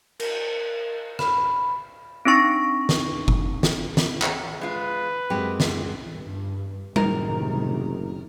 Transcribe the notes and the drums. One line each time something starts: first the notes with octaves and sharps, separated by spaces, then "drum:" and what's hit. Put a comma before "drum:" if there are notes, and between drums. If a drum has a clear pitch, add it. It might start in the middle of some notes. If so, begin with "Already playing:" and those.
A#4, drum: cymbal
B5, drum: rim click
C4 D4 D#4 C#6 A#6 D7
drum: snare
drum: kick F#1
drum: snare
drum: snare
drum: clap
G#3 F4 B4
F#2 G#3 C4 G4
drum: snare
G2
F#1 A2 C3 D#3 A#4, drum: tom G3